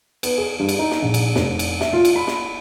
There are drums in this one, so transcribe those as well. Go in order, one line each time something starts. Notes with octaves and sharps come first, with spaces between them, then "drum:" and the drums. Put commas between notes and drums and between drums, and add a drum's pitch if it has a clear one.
B3, drum: cymbal
G#4
G2
drum: cymbal
D#4
drum: snare
A#1
drum: cymbal
F1, drum: snare
drum: cymbal
E5, drum: snare
F4
drum: cymbal
B5
drum: snare